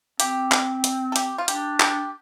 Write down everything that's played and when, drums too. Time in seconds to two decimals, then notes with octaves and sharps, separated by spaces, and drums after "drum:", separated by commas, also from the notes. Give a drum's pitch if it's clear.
0.20 C4 G4, drum: hi-hat
0.52 drum: clap
0.84 drum: hi-hat
1.12 A4
1.16 G4, drum: hi-hat
1.38 F4
1.48 D4 G4, drum: hi-hat
1.80 G4, drum: clap